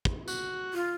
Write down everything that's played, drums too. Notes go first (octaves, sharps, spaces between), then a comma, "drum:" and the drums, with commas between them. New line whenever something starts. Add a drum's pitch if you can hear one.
drum: kick
F#4, drum: tambourine
F4